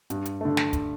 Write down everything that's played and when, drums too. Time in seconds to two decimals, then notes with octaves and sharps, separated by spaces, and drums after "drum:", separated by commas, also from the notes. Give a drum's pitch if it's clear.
0.10 G2, drum: hi-hat
0.25 drum: hi-hat
0.41 D3 A3
0.57 drum: snare
0.73 drum: kick, hi-hat